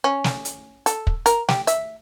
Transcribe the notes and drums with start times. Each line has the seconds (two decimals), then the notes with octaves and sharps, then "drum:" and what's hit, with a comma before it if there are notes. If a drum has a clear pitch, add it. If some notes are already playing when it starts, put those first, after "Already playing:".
0.04 C#4
0.24 drum: snare
0.45 drum: hi-hat
0.86 A4, drum: hi-hat
1.07 drum: kick
1.26 A#4, drum: hi-hat
1.49 G4, drum: snare
1.67 E5, drum: hi-hat